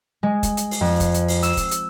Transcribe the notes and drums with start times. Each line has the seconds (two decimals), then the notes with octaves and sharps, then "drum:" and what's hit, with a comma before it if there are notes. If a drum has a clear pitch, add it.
0.23 G#3
0.43 drum: kick, hi-hat
0.57 drum: hi-hat
0.71 drum: open hi-hat
0.81 F2
1.00 drum: kick, hi-hat
1.14 drum: hi-hat
1.28 drum: open hi-hat
1.43 E6, drum: hi-hat
1.57 drum: kick, hi-hat
1.71 drum: hi-hat